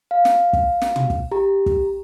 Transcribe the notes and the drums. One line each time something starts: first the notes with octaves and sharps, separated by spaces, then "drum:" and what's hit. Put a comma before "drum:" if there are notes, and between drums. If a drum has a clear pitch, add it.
F5
drum: snare
drum: kick
drum: snare
drum: tom
drum: kick
G4 A#5
drum: kick